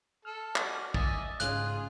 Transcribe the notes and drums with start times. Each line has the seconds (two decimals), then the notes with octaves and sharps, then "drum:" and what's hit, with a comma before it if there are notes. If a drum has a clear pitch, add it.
0.25 A4 F6
0.56 C#4 F#4 D5, drum: clap
0.94 D#5 E5 G#5 A6, drum: kick
1.40 G#2 C#3 C#4 F4 G#4 F#6, drum: hi-hat